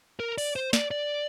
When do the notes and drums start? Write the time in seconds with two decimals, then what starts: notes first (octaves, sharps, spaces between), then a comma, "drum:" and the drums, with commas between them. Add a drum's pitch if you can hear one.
0.20 A#4
0.38 D5, drum: open hi-hat
0.56 C5
0.73 D5, drum: snare
0.91 D5